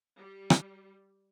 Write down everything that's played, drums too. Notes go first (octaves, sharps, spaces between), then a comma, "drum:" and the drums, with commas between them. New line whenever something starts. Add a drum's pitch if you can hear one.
G3
drum: rim click